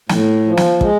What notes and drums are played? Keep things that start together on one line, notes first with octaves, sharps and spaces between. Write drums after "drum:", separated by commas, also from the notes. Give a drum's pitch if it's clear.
A2, drum: snare
F3
drum: snare
G#3, drum: kick